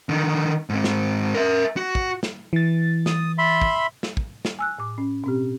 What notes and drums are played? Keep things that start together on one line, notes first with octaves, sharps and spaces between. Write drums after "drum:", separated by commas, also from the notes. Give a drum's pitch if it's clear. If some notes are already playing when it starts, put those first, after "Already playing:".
D3 D#3
G#2 C4
drum: snare
A#4 E5
F#4
drum: kick
drum: snare
E3 A6
D#6, drum: snare
E5 B5 C6
drum: kick
drum: snare
drum: kick
drum: snare
G#5 E6 F#6
A2 D6
C#4
B2 C4 G4